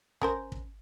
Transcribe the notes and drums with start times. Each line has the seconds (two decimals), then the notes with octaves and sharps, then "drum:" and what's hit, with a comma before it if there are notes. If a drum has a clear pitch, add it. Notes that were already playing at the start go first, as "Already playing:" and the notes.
0.21 C#4 A#4 C5, drum: kick
0.52 drum: kick